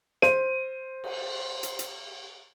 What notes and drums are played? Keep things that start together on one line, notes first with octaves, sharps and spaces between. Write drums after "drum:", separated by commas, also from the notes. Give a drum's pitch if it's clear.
C5 D#7, drum: snare
drum: cymbal
drum: hi-hat
drum: hi-hat